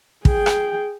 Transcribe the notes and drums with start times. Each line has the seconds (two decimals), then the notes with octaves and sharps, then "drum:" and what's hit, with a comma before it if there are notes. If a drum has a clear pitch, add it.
0.25 G#4 G5, drum: kick
0.46 drum: rim click